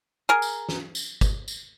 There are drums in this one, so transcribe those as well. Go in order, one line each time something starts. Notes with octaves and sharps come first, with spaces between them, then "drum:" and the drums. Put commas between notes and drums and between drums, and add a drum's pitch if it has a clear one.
G#4 A#4
drum: tambourine
drum: snare
drum: tambourine
drum: kick, tambourine
drum: tambourine